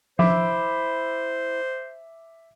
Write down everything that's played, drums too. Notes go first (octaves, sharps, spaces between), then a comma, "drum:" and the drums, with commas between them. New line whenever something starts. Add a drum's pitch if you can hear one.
E4 C5 E5 D6, drum: tom F3